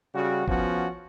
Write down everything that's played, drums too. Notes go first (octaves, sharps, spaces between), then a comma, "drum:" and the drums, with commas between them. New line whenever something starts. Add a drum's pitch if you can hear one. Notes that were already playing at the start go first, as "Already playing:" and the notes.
C#3 G3 F#4
F3 B3 C#4 F#4, drum: kick